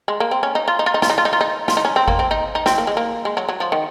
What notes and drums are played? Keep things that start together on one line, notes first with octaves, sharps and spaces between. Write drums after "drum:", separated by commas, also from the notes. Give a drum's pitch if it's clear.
G#3
A#3
C4
C#4
D#4
F4
D#4
F4
D#4
F4, drum: snare
D#4
F4
D#4
F4
D#4
F4, drum: snare
D#4
C#4
C4
A#3, drum: kick G#1
C4
D#4
D#4
C4, drum: snare
A#3
G#3
A#3
G#3
F#3
F#3
F3
D#3